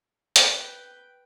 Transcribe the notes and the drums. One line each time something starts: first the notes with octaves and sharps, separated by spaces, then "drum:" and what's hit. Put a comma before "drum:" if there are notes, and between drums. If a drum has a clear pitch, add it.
B4 G5, drum: hi-hat